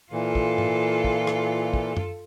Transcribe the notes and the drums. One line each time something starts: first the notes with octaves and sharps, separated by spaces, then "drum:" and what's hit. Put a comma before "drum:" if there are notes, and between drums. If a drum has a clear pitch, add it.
A#2 E3 F4 A4
drum: kick
drum: tom G#2
drum: kick
drum: rim click
drum: kick
drum: tom F#2